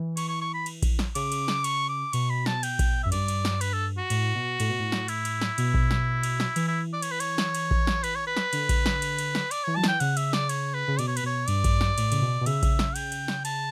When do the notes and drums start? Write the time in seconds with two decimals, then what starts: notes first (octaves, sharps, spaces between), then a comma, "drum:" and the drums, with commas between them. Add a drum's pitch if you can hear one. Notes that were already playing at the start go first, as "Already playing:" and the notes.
Already playing: E3
0.17 C#6, drum: cymbal
0.29 C#6
0.41 C#6
0.54 B5
0.66 drum: cymbal
0.83 drum: kick A#1, cymbal
0.99 drum: snare
1.15 C#3 D6, drum: cymbal
1.32 drum: cymbal
1.48 drum: snare
1.64 C#6, drum: cymbal
1.89 D6
2.13 B2 C#6, drum: cymbal
2.30 B5
2.46 A5, drum: snare
2.63 G5, drum: cymbal
2.79 drum: kick A#1, cymbal
3.03 F#2 E5
3.12 G2 D5, drum: cymbal
3.28 drum: cymbal
3.45 drum: snare
3.61 B4, drum: cymbal
3.73 A4
3.98 F#4
4.10 A2, drum: cymbal
4.35 B2
4.60 A2, drum: cymbal
4.69 B2
4.79 A2
4.92 drum: snare
5.08 E4, drum: cymbal
5.25 drum: cymbal
5.41 drum: snare
5.58 B2, drum: cymbal
5.74 drum: kick A#1
5.91 drum: snare
6.23 drum: cymbal
6.40 drum: snare
6.56 E3, drum: cymbal
6.68 E4
6.93 D5
7.02 C#5, drum: cymbal
7.12 B4
7.20 C#5, drum: cymbal
7.38 drum: snare
7.55 drum: cymbal
7.71 drum: kick A#1
7.87 drum: snare
8.04 B4, drum: cymbal
8.15 C#5
8.27 B4
8.37 drum: snare
8.53 D3, drum: cymbal
8.69 drum: kick A#1, cymbal
8.86 drum: snare
9.02 drum: cymbal
9.18 drum: cymbal
9.35 drum: snare
9.51 D5, drum: cymbal
9.64 E3 C#5
9.76 F#3 A5
9.84 E3 G5, drum: snare
10.00 C#3 F#5, drum: cymbal
10.17 E5, drum: cymbal
10.33 D5, drum: snare
10.49 C#5, drum: cymbal
10.74 B4
10.88 C#3
10.99 B2 D5, drum: cymbal
11.08 C#5
11.17 B4, drum: cymbal
11.23 B2 C#5
11.48 G2 D5, drum: cymbal
11.64 drum: kick A#1, cymbal
11.81 drum: snare
11.98 A2, drum: cymbal
12.12 C#3, drum: cymbal
12.21 B2
12.41 B2
12.46 C#3 E5, drum: cymbal
12.63 drum: kick A#1, cymbal
12.79 drum: snare
12.96 G5, drum: cymbal
13.12 drum: cymbal
13.28 drum: snare
13.45 A5, drum: cymbal